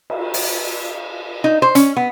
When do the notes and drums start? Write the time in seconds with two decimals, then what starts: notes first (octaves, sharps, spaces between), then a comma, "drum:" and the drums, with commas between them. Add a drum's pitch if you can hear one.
0.10 drum: cymbal
0.34 drum: open hi-hat
1.44 D#4
1.62 C5
1.75 C#4, drum: hi-hat
1.96 B3